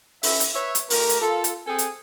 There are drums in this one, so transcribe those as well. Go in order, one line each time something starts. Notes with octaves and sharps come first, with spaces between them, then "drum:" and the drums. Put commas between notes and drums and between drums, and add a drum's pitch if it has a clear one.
C#4 A4 B4 E5, drum: open hi-hat
drum: hi-hat
B4 C#5 E5
drum: hi-hat
A3 G4 A#4, drum: open hi-hat
drum: hi-hat
F4 A4
drum: hi-hat
C4 G#4 A4 G5 G#5
drum: hi-hat